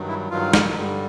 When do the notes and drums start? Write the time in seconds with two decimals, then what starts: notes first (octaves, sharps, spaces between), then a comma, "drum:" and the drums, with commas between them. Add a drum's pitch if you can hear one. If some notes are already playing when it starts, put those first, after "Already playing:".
Already playing: G2 D#3 F#3
0.08 E4
0.31 G2 D#3 F#3 F4
0.54 drum: snare
0.76 G2 D3 G3